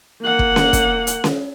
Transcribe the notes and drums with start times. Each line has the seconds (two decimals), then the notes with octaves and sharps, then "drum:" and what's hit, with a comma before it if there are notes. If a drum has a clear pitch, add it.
0.22 A#3 F#5
0.39 drum: kick
0.56 drum: snare C#4
0.73 drum: kick, hi-hat
1.07 drum: hi-hat
1.24 drum: snare C#4